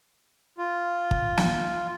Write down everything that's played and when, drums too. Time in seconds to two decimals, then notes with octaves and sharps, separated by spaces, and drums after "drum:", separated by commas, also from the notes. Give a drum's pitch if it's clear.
0.58 F4
1.11 drum: kick
1.37 drum: snare